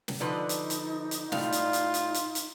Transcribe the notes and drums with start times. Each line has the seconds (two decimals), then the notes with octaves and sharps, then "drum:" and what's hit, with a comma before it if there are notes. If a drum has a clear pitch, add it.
0.08 drum: snare
0.20 D3 F3 D#4 B4
0.49 drum: hi-hat
0.70 drum: hi-hat
1.11 drum: hi-hat
1.32 A2 G3 F4 F5, drum: snare
1.52 drum: hi-hat
1.73 drum: hi-hat
1.94 drum: hi-hat
2.14 drum: hi-hat
2.35 drum: hi-hat